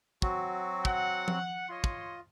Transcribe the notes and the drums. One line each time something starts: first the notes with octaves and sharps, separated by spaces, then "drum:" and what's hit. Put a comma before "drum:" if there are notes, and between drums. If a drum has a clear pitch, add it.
F#3 C4 F#4, drum: kick
F#5, drum: kick
drum: tom F3
F4 C#5 D#5 C6
drum: kick